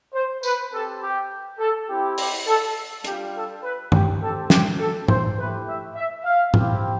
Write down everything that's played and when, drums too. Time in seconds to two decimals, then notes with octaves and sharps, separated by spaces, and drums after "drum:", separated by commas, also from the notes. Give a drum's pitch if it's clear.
0.14 C5
0.43 B4, drum: tambourine
0.72 C4 G4 A4
1.01 G4
1.59 A4
1.89 C4 E4 G4
2.18 G4, drum: open hi-hat
2.47 A4
3.04 G3 D4 F4 G4, drum: hi-hat
3.34 A4
3.63 B4
3.92 G4, drum: tom
4.21 C4 G4 A4
4.50 G4, drum: snare
4.79 A4
5.08 C5, drum: tom G#2
5.37 A3 E4 G4 B4
5.66 E5
5.95 E5
6.24 F5
6.54 C4 E4 G4, drum: tom G#2